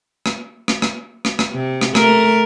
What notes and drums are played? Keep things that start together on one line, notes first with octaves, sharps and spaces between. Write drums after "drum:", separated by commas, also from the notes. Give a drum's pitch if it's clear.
drum: rim click
drum: rim click
drum: rim click
drum: rim click
drum: rim click
C3
drum: rim click
A3 A#4, drum: rim click